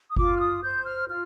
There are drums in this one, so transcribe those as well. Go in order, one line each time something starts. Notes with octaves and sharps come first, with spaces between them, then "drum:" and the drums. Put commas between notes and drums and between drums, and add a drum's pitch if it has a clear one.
D#6
F4 D6, drum: kick G1
F6
D#6
C5 G6
F6
F4 F6